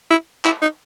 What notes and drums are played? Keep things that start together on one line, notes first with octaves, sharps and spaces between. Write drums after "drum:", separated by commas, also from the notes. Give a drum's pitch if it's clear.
E4
E4, drum: clap
D#4